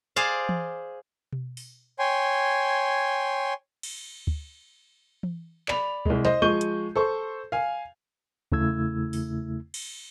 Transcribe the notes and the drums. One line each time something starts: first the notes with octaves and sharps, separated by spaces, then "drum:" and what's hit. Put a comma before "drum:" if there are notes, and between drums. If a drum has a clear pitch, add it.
G#4 C5 D5 F5
drum: tom E3
drum: tom B2
drum: open hi-hat
C#5 G5 G#5 C6
drum: cymbal
drum: kick
drum: tom E3
D5 B5 F7, drum: clap
C2 G#3, drum: kick
C5 D#5, drum: snare
F3 G#3 C#6 G6 D#7 G7
drum: hi-hat
A4 C5 C#6
F5 G#5
E2 C#3 A3 E4 E6 G#6, drum: kick
drum: open hi-hat
drum: cymbal